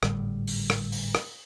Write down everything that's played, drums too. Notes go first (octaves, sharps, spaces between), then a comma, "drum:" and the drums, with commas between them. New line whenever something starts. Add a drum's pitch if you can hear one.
G#1 A2 D3 G3, drum: rim click
drum: open hi-hat
drum: rim click
drum: open hi-hat
drum: rim click